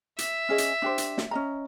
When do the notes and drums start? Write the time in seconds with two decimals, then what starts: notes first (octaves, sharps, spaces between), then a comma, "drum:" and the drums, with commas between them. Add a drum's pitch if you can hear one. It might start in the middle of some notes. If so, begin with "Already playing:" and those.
0.18 E5, drum: hi-hat
0.49 C#4 G#4 D#5
0.58 drum: hi-hat
0.82 D4 G4 C5
0.98 drum: hi-hat
1.18 drum: snare
1.31 C#4 D#5 A#5